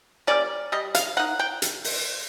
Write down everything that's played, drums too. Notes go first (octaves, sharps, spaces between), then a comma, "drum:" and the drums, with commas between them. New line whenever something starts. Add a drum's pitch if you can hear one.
G3 A#3 C#4 D5
G3 D#5
F5, drum: hi-hat
A#3 D#4 F#5
G5
drum: hi-hat
drum: open hi-hat